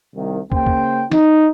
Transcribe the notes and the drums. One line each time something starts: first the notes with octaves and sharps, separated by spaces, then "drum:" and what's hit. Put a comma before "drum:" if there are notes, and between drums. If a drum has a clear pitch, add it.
C2 D#3
C#3 A#3 C#4 C5 G5, drum: kick
drum: kick
D#4, drum: snare